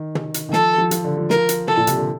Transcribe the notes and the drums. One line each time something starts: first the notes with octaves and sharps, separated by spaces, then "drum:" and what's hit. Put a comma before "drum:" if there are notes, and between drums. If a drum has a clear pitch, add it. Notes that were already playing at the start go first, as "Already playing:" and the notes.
Already playing: D#3
drum: tom
drum: hi-hat
D#3
F3 A4, drum: snare
F3
F3, drum: hi-hat
D3
F3
F3 A#4, drum: snare
drum: hi-hat
A4, drum: tom
A#2
C3, drum: hi-hat
D3